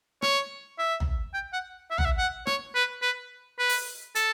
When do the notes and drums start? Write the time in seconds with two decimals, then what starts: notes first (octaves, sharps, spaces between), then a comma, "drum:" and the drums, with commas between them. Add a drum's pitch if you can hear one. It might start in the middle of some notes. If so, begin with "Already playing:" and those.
0.22 C#5, drum: rim click
0.78 E5
1.00 drum: tom
1.34 G5
1.53 F#5
1.91 E5
1.98 F#5, drum: tom
2.05 E5
2.18 F#5
2.47 C#5, drum: rim click
2.75 B4
3.02 B4
3.59 B4
3.69 drum: open hi-hat
4.15 A4, drum: hi-hat